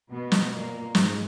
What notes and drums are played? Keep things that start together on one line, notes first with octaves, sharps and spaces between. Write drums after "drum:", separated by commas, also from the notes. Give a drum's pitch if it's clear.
B2 B3
drum: snare
A#2 A#3
G#2 G#3, drum: snare